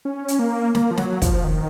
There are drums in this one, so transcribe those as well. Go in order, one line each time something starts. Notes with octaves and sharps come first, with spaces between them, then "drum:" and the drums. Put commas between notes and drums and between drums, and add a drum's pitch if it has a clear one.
C#4
drum: hi-hat
A#3
A#3, drum: snare
F3
F#3, drum: snare
F3, drum: kick, hi-hat
D#3